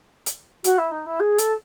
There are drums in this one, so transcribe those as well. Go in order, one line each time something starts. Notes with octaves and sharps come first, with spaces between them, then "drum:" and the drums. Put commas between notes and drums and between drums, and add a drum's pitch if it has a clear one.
drum: hi-hat
F#4, drum: hi-hat
E4
D#4
E4
G#4
A4, drum: hi-hat